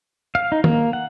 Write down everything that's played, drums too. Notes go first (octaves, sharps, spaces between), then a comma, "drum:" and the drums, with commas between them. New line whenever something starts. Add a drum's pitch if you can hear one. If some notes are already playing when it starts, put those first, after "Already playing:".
F5
D#4
A#3, drum: tom D#3
F#5